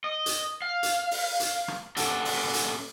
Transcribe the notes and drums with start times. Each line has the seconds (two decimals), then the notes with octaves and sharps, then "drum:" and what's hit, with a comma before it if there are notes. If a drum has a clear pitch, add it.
0.04 D#5
0.26 drum: hi-hat
0.62 F5
0.83 drum: hi-hat
1.11 drum: open hi-hat
1.40 drum: hi-hat
1.68 drum: rim click
1.97 C#4 G4 A4 D5 F#5, drum: hi-hat
2.25 drum: open hi-hat
2.54 drum: hi-hat